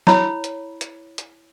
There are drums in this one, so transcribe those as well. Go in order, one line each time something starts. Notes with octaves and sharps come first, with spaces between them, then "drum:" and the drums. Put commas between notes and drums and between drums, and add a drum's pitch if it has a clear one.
E4 C#5 B5, drum: snare
drum: hi-hat
drum: hi-hat
drum: hi-hat